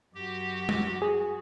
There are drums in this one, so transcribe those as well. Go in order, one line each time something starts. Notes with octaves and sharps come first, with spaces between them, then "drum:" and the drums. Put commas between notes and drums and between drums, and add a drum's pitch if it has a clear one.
F#2 F#4 G4
drum: tom G#3
G#4